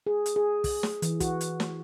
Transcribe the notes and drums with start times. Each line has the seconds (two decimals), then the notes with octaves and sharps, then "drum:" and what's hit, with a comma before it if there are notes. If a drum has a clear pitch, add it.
0.07 G#4
0.26 drum: hi-hat
0.36 G#4
0.64 drum: kick, open hi-hat
0.83 drum: snare
1.02 E3, drum: hi-hat
1.20 F#4, drum: kick, hi-hat
1.41 drum: hi-hat
1.60 drum: snare